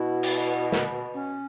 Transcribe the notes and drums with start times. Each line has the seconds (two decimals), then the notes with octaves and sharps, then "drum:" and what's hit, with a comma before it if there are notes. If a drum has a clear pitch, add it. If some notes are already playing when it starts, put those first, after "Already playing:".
Already playing: B2 E4
0.23 drum: cymbal
0.72 drum: snare
1.14 C#4